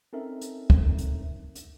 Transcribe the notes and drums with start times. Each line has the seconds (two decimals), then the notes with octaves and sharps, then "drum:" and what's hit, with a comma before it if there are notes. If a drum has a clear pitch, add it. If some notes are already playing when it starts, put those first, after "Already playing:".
0.13 C4 C#4 D#4 A4 A#4 E5
0.41 drum: hi-hat
0.70 drum: kick
0.98 drum: hi-hat
1.55 drum: hi-hat